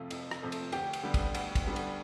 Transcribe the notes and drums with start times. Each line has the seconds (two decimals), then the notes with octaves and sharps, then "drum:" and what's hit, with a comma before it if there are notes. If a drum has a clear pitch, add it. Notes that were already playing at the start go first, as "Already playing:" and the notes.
Already playing: F2 C3 F3 A3 F4
0.11 F2, drum: cymbal
0.31 drum: rim click
0.42 C3 F3 A3
0.52 drum: cymbal
0.72 D2 G4 G5, drum: cymbal
0.93 drum: cymbal
1.03 D3 G3 B3
1.14 drum: kick, cymbal
1.35 D2, drum: cymbal
1.55 drum: kick, cymbal
1.66 D3 G3 B3
1.76 drum: cymbal